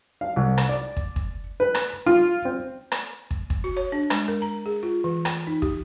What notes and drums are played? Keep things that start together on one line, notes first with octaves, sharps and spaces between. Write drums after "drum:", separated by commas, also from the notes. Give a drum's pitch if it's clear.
F5
C2
drum: rim click
D5
drum: kick
drum: kick
B4
drum: rim click
F4
C4
drum: rim click
drum: kick
drum: kick
F#4
C#5
D4
G#3, drum: rim click
A#4
A#5
G#4
F4
E3
G5, drum: rim click
D#4
G4, drum: kick